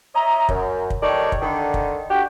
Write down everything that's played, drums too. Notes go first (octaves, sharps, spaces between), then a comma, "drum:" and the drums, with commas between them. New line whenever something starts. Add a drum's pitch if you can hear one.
C#5 D#5 E5 A#5
F#2, drum: kick
drum: kick
D#3 G3 D#4 A4 C#5 D5
drum: kick
D3 D#3
drum: kick
D4 F#4 G4